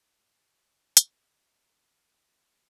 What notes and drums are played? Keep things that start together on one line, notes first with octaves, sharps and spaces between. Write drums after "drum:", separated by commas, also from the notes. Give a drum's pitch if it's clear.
C5 A5 C#6 D6
drum: hi-hat
D#5 E5 A#5 E6 F6 G6
B5 F6 F#6